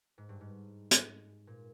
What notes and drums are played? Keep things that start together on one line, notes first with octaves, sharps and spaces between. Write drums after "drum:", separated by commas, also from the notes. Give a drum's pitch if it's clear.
G#2
G2
G#2
drum: hi-hat
A#2